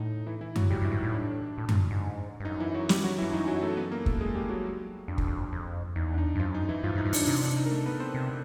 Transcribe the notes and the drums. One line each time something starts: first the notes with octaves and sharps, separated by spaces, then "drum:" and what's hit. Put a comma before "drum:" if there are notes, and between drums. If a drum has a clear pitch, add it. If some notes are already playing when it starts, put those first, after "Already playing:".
Already playing: A2 D#4
E3 E4
E3 E4
F#3 F#4, drum: tom F#2
G#2 G3 G4
G2
E3 E4
G#2
D#4
A2
D4
A2
A#2, drum: tom F#2
G#2
G2
F#2 D#4
E3 E4
F#3 F#4
G3 G4, drum: snare
F#3 F#4
E3 E4
G2
F#2 D#4
F#3 F#4
A3 A4
B3 B4
A#3 A#4
A3 A4, drum: kick
G#3 G#4
G3 G4
F#3 F#4
F2 D4
E2, drum: kick
F2
F2
E2 D#4
D4
D#4
G2
F#2 F3 F4
D#4
E3 E4
G2 F3 F4
G2
D#4
G2
D4, drum: open hi-hat
C3 D#4
D4
D#4
A#4
A3 A4
B3 B4
C4 C5
C3